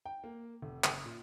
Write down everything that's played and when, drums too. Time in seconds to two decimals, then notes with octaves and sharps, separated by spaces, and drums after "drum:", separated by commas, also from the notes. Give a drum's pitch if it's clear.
0.06 G5
0.24 A#3
0.62 F1
0.84 F#1, drum: clap
1.05 A#2